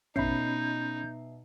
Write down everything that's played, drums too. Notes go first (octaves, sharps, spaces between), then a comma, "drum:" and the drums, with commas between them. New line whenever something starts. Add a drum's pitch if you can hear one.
B2 C#4 D#4 E5 B5 G6 C7, drum: tom A1